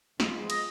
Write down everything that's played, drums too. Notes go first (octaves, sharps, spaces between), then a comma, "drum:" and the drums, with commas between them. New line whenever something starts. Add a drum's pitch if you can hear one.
F3 G#3 B3 F4 G#4, drum: snare
D#5, drum: cymbal